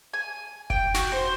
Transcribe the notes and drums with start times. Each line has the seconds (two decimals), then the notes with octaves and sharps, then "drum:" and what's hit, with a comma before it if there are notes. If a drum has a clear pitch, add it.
0.13 G#5
0.70 G5, drum: kick F1
0.94 F#4, drum: snare
1.12 C5